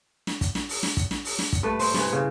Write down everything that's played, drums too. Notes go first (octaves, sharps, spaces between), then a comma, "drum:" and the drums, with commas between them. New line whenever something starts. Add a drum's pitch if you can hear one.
drum: snare
drum: kick, hi-hat
drum: snare
drum: open hi-hat
drum: snare
drum: kick, hi-hat
drum: snare
drum: open hi-hat
drum: snare
drum: kick, hi-hat
G2 A3 B4
C5, drum: open hi-hat
G2 E3, drum: snare
C#3